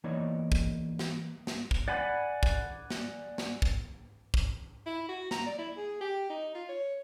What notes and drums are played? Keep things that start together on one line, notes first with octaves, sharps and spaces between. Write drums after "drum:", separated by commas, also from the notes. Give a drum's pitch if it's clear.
E3 A#3 B3 D#4 C#5 D5
drum: kick
drum: snare
drum: snare
drum: kick
D5 F#5 G#5 B5
drum: kick
drum: snare
drum: snare
drum: kick
drum: kick
E4
F#4
A#5, drum: snare
D5
E4
G#4
G4
D#4
F4
C#5